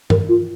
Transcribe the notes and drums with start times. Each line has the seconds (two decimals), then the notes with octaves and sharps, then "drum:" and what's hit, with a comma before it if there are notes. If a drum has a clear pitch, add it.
0.10 A#4, drum: tom G2
0.29 F4